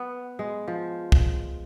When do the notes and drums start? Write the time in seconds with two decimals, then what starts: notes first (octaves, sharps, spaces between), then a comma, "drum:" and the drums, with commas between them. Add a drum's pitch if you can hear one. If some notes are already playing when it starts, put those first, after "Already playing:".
Already playing: B3
0.39 G#3
0.68 F3
1.12 drum: kick